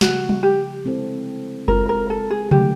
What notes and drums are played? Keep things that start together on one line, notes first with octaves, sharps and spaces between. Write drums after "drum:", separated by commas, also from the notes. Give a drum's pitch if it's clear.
C#3 F3 A3 F#4, drum: snare
drum: tom
G4
G#3 C4 E4 A4 C5
G#3 C4 F4 A4 A#4, drum: kick F#1
A#4
A4
G#4
D3 F#3 A3 G4, drum: tom C3